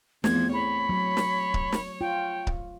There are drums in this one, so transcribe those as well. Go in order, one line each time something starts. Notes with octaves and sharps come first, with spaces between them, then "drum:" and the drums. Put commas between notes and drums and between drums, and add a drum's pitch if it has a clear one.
E2 F3 A3 C4 G#6, drum: snare
C#5 B5
F#3
drum: snare
drum: kick C#1
drum: snare
F4 G5
drum: kick C#1